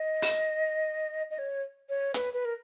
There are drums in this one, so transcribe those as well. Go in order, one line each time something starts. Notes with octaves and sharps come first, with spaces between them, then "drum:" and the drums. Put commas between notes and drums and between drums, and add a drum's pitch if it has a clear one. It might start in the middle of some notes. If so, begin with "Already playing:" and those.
Already playing: D#5
drum: open hi-hat
D#5
C#5
C#5
B4, drum: hi-hat
B4
A#4